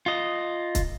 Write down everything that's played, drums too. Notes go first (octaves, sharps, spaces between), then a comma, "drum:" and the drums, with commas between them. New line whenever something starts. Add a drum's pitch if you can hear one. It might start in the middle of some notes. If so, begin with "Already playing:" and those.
F4 D#5
drum: kick D#1, hi-hat